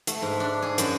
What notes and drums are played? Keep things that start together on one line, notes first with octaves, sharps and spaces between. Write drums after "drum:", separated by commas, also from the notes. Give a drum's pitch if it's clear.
A3, drum: hi-hat
G#2
D4
G#4
F#2, drum: hi-hat